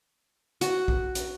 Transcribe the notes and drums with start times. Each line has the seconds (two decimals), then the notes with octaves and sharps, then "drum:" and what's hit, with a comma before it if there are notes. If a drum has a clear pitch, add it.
0.61 F#4, drum: hi-hat
0.88 drum: kick B1
1.15 drum: hi-hat